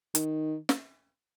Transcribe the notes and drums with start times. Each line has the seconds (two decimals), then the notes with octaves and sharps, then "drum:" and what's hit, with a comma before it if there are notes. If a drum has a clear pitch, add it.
0.15 D#3, drum: hi-hat
0.69 drum: snare